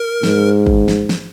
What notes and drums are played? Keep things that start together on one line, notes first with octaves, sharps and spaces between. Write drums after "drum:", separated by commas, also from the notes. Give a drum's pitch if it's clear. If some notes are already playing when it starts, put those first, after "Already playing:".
Already playing: A#4
G#2, drum: snare
drum: kick
drum: snare
drum: snare